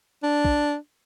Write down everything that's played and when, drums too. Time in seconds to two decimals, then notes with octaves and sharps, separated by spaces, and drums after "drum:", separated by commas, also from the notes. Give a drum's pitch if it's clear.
0.23 D4
0.45 drum: kick